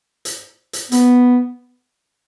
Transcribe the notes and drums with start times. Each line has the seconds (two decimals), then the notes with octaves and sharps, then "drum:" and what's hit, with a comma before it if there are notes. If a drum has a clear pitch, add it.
0.25 drum: hi-hat
0.73 drum: hi-hat
0.92 B3, drum: hi-hat